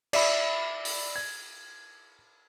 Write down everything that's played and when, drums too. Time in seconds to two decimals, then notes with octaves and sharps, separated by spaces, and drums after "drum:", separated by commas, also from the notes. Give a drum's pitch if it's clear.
0.13 D5 E5 B5, drum: cymbal
0.85 drum: open hi-hat
1.16 G#6